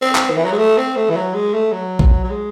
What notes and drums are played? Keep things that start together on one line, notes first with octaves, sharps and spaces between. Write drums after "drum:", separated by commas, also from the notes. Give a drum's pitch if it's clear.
C4
drum: clap
D#3
E3
F#3
G#3
A3
C4
A3
E3
F#3
G#3
A3
F#3
drum: kick A#1
F#3
G#3